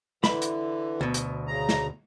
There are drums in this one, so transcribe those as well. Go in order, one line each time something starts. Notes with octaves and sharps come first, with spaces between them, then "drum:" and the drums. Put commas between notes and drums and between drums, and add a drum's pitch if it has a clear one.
D3 E3 B5, drum: snare
drum: hi-hat
D2 B2
drum: hi-hat
C#3 A#5
drum: snare